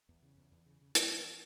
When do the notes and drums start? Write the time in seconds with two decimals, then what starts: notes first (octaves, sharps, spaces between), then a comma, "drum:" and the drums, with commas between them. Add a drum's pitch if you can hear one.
0.09 E2
0.22 C#3
0.37 E2
0.52 E2
0.66 C#3
0.81 C#3
0.95 G#3, drum: hi-hat
1.09 E3